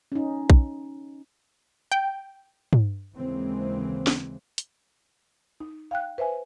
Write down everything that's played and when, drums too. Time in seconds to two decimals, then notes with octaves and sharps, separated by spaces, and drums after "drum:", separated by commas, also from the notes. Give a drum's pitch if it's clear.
0.12 C#4 D#4
0.50 drum: kick A#1
1.92 G5
2.73 drum: tom
3.17 D#2 C#3 E3 G#3 A#3 C4
4.07 drum: snare
4.58 drum: hi-hat
5.60 D#4
5.91 F5 G5 F#6
6.18 B4 C5 E5 G#5